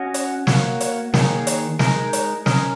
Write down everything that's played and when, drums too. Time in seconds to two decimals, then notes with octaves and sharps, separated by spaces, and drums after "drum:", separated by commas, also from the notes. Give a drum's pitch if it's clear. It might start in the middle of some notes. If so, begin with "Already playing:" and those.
Already playing: C#4 F#4 D#5
0.14 drum: hi-hat
0.47 A#3 F#4 C#5, drum: snare
0.81 drum: hi-hat
1.14 D#3 A#3 D#4 G#4 C#5, drum: snare
1.47 drum: hi-hat
1.79 G#3 D#4 A#4, drum: snare
2.13 drum: hi-hat
2.46 C#4 A#4 D#5, drum: snare